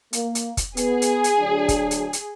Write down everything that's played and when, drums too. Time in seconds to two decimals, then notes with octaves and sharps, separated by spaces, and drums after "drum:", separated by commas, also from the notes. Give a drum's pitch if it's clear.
0.13 A#3, drum: hi-hat
0.35 drum: hi-hat
0.57 drum: kick, hi-hat
0.77 B3 G#4, drum: hi-hat
1.02 drum: hi-hat
1.24 drum: hi-hat
1.39 D2 F#3 D4
1.69 drum: kick, hi-hat
1.91 drum: hi-hat
2.13 drum: hi-hat